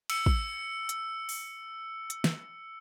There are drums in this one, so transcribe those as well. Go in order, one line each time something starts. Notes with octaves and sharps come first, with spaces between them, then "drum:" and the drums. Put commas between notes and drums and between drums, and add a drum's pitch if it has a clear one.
E6 C#7, drum: cymbal
drum: kick
drum: hi-hat
drum: open hi-hat
drum: hi-hat
drum: snare